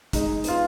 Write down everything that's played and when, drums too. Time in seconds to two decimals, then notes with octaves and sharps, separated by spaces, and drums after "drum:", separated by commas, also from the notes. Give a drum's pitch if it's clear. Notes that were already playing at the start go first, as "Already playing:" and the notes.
0.13 G#3 D#4, drum: kick, hi-hat
0.44 B3 F4, drum: hi-hat